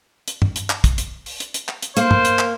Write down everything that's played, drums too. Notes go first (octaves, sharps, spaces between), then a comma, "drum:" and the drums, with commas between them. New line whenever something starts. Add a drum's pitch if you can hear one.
drum: hi-hat
drum: tom
drum: hi-hat
drum: clap
drum: kick, hi-hat
drum: hi-hat
drum: open hi-hat
drum: hi-hat
drum: hi-hat
drum: clap
drum: hi-hat
A#3 C5, drum: hi-hat
drum: tom
drum: hi-hat
drum: clap